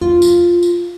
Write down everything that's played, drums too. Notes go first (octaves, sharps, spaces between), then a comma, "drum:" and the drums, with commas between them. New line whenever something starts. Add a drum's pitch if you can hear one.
F4, drum: tom E2
drum: tambourine
drum: tambourine